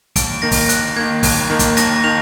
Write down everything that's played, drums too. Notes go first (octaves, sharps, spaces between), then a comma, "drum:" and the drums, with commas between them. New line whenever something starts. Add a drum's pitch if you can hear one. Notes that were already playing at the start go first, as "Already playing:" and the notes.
D#2 D7, drum: kick, hi-hat
D#3 A#3 A#6
drum: kick, open hi-hat
D#2 F#6, drum: hi-hat
D#3 A#3 G#6
D#2 F#6, drum: kick, open hi-hat
D#3 A#3
drum: kick, hi-hat
D#2 A#6, drum: hi-hat
D#3 F7